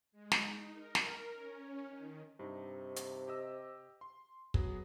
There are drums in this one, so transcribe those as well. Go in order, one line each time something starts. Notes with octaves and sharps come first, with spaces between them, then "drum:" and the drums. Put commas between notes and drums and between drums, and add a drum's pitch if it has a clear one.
G#3
drum: snare
D#4
A#4
drum: snare
C#4
D#3
G2 C3 D#4
drum: hi-hat
G4 D#5 E6
C6
F#3 B3 G#4, drum: kick